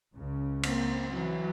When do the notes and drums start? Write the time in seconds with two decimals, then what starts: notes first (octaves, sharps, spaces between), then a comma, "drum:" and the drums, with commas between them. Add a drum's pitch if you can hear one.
0.16 C#2 C#3
0.63 A#3 C4, drum: cymbal
1.10 E3 F#3